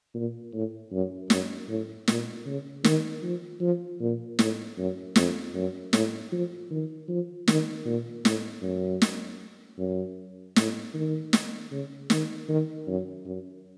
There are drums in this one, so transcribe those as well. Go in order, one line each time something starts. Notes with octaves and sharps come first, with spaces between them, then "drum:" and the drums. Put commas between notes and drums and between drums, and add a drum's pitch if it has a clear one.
A#2
A2
F#2
F#2, drum: snare
A2
A#2, drum: snare
C#3
D#3, drum: snare
F3
F3
A#2
A2, drum: snare
F#2
F2, drum: snare
F#2
A2, drum: snare
F3
D#3
F3
D#3, drum: snare
A#2
A2, drum: snare
F#2
drum: snare
F#2
A2, drum: snare
D#3
drum: snare
C#3
D#3, drum: snare
D#3
F#2
F#2